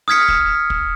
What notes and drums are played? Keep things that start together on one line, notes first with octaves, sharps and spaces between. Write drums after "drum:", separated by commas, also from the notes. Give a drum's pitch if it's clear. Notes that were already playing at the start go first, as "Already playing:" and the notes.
D#6 F6 G#6 B6 C#7
drum: kick
drum: kick